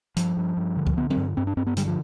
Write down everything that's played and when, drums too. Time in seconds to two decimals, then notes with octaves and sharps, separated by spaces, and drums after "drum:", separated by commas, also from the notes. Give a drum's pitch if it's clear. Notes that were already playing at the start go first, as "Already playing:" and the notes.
0.17 G2 F3, drum: hi-hat
0.37 G2
0.57 G2
0.77 D3
0.87 drum: kick C#2
0.97 D3 B3
1.10 C4, drum: tom F#3
1.17 G2
1.37 G2 C4
1.47 D4
1.57 G2 C4
1.67 B3
1.77 D3 G3, drum: hi-hat
1.87 F3